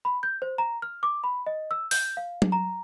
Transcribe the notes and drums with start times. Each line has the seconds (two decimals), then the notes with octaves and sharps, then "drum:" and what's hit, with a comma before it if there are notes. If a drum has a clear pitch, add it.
0.05 B5
0.23 G6
0.42 C5
0.58 A#5
0.82 F6
1.03 D6
1.24 B5
1.46 D#5
1.71 E6
1.91 G6, drum: open hi-hat
2.17 F5
2.42 drum: tom F#3
2.52 A#5